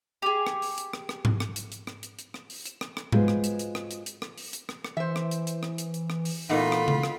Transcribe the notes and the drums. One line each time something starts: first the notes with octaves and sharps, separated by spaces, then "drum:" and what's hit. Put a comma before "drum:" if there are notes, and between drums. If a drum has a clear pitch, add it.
G4 G#4
drum: rim click
drum: open hi-hat
drum: hi-hat
drum: rim click
drum: rim click
drum: tom G#2
drum: rim click
drum: hi-hat
drum: hi-hat
drum: rim click
drum: hi-hat
drum: hi-hat
drum: rim click
drum: open hi-hat
drum: hi-hat
drum: rim click
drum: rim click
G#3 F4 F#4 G#4 B4 C5, drum: tom G#2
drum: rim click
drum: hi-hat
drum: hi-hat
drum: rim click
drum: hi-hat
drum: hi-hat
drum: rim click
drum: open hi-hat
drum: hi-hat
drum: rim click
drum: rim click
E3 C5 E5
drum: rim click
drum: hi-hat
drum: hi-hat
drum: rim click
drum: hi-hat
drum: hi-hat
drum: rim click
drum: open hi-hat
A#2 E3 A3 B3 D#4 F4 A#4 B5
drum: rim click
drum: tom C#3
drum: rim click